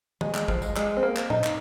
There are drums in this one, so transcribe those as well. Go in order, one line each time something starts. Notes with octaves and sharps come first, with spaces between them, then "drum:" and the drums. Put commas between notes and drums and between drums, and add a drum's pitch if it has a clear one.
G#3, drum: tom D#3
G#3, drum: clap
F3, drum: kick
G#3, drum: tambourine
G#3, drum: clap
C4
A#3
drum: clap
D#4, drum: tom A#2
drum: clap